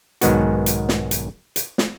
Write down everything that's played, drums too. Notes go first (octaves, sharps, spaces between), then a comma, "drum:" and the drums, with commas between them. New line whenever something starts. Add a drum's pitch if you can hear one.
B1 G#2 D#3 G#3 B3 F#4, drum: hi-hat
drum: hi-hat
drum: snare
drum: hi-hat
drum: hi-hat
drum: snare